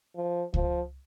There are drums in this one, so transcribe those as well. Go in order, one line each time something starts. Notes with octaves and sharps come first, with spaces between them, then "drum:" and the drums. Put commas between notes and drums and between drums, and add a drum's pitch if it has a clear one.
F3
F3, drum: kick C#2